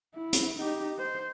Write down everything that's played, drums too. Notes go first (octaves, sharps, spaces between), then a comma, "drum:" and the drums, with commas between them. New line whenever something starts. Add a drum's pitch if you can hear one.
E4
drum: hi-hat
D#4 G4
C5